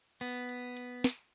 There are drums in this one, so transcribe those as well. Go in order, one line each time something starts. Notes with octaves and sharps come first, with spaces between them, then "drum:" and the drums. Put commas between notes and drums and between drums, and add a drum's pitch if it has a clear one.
B3, drum: hi-hat
drum: hi-hat
drum: hi-hat
drum: snare